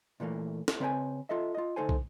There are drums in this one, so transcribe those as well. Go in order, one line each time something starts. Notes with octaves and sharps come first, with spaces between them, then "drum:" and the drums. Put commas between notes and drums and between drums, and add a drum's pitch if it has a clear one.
A#2 E3 A3 A#3
drum: snare
C#3 C4 B4 C5 G5 G#5
F4 A4 D#5 E5
F4 D#5
D2 D#4 A4 C5 G#5
drum: kick